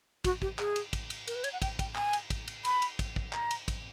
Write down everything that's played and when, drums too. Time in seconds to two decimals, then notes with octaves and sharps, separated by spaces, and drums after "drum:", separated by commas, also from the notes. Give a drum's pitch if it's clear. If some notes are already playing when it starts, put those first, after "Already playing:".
0.24 F#4, drum: kick, cymbal
0.42 G4, drum: kick
0.59 G#4, drum: clap
0.76 drum: cymbal
0.93 drum: kick, cymbal
1.10 drum: cymbal
1.27 A#4, drum: cymbal
1.35 B4
1.44 C#5, drum: cymbal
1.53 F#5
1.62 G5, drum: kick, cymbal
1.79 G5, drum: kick, cymbal
1.95 G#5, drum: clap
2.13 drum: cymbal
2.30 drum: kick, cymbal
2.48 drum: cymbal
2.65 B5, drum: cymbal
2.82 drum: cymbal
2.99 drum: kick, cymbal
3.16 drum: kick
3.33 A#5, drum: clap
3.51 drum: cymbal
3.68 drum: kick, cymbal